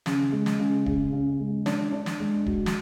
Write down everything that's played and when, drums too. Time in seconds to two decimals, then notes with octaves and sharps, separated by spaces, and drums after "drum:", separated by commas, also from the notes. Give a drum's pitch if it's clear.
0.06 C#3, drum: snare
0.32 G#3
0.46 drum: snare
0.60 C#3
0.86 C#3, drum: kick D1
1.13 C#3
1.40 G#3
1.66 D4, drum: snare
1.92 D4
2.06 drum: snare
2.20 G#3
2.46 F#4, drum: kick D1
2.66 drum: snare